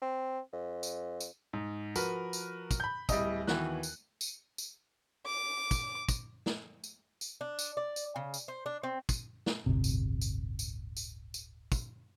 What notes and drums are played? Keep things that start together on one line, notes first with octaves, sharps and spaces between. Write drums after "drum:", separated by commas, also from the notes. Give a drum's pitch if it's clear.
C4
F2
drum: tambourine
drum: tambourine
G#2
F3 F#4 A#4 B4, drum: tambourine
drum: tambourine
drum: kick, tambourine
B5 G6
D1 G3 E4 D#5 D#6, drum: kick, tambourine
D#2 E3 B3 F#4 F#6, drum: snare
drum: tambourine
drum: tambourine
drum: tambourine
D6
drum: kick, tambourine
drum: kick, tambourine
drum: snare
drum: tambourine
drum: tambourine
D4
drum: tambourine
D5
drum: tambourine
C#3
drum: tambourine
C5
D4
C4
drum: kick, tambourine
drum: snare
D1 G1 C3
drum: tambourine
drum: tambourine
drum: tambourine
drum: tambourine
drum: tambourine
drum: kick, tambourine